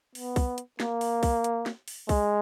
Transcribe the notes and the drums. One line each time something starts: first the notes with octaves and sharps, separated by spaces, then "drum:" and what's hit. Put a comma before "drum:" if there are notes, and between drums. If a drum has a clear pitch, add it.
B3, drum: open hi-hat
drum: kick C2, open hi-hat
drum: hi-hat
A#3, drum: snare
drum: open hi-hat
drum: kick C2, open hi-hat
drum: hi-hat
drum: snare
drum: open hi-hat
G#3, drum: kick C2, open hi-hat